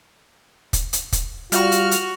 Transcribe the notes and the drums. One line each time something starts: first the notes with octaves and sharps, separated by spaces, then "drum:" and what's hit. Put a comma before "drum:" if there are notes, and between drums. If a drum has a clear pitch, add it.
drum: kick, hi-hat
drum: hi-hat
drum: kick, hi-hat
G3 F4 F#4 F6, drum: hi-hat
drum: hi-hat
drum: hi-hat